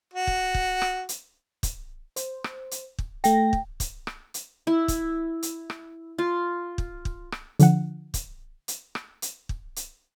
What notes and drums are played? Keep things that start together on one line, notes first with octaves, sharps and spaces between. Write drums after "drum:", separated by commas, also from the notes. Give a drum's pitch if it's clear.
F#4
drum: kick
drum: kick
drum: rim click
drum: hi-hat
drum: kick, hi-hat
C5, drum: hi-hat
drum: rim click
drum: hi-hat
drum: kick
A3 G5 A#6, drum: hi-hat
drum: kick
drum: kick, hi-hat
drum: rim click
drum: hi-hat
E4
drum: kick, hi-hat
drum: hi-hat
drum: rim click
F4
drum: kick
drum: kick
drum: rim click
D3 F3 F#5, drum: hi-hat
drum: kick, hi-hat
drum: hi-hat
drum: rim click
drum: hi-hat
drum: kick
drum: hi-hat